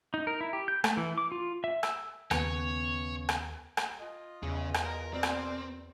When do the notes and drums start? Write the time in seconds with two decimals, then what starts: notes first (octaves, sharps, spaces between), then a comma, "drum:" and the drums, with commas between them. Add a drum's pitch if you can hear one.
0.14 D#4
0.27 A#4
0.41 E4
0.53 G4
0.68 G6
0.84 A3, drum: rim click
0.97 E3
1.18 D6
1.32 F4
1.64 E5
1.83 E6, drum: rim click
2.31 D#2 C#3 B3 C#5, drum: rim click
3.29 drum: rim click
3.77 drum: rim click
4.01 F4 D#5
4.43 E2 C#3 G#4
4.74 drum: rim click
4.84 A#4
5.13 B2 C4 A#4 D5
5.23 drum: rim click